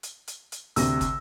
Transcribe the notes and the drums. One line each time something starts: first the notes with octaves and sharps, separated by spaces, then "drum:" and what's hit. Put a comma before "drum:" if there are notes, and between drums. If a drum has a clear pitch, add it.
drum: hi-hat
drum: hi-hat
drum: hi-hat
D2 C3 E6 A#6, drum: open hi-hat
drum: kick, hi-hat